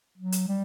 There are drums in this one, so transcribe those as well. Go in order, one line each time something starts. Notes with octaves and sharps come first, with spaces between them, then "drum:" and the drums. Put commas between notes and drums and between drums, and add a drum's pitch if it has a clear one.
F#3
drum: hi-hat
G3